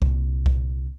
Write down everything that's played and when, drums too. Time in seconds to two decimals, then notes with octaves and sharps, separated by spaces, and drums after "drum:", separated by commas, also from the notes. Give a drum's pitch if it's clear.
0.02 C2 A#2, drum: kick
0.46 drum: kick